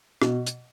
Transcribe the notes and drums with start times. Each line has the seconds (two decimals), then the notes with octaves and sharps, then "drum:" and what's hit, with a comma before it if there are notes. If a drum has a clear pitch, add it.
0.22 B2, drum: rim click
0.47 drum: hi-hat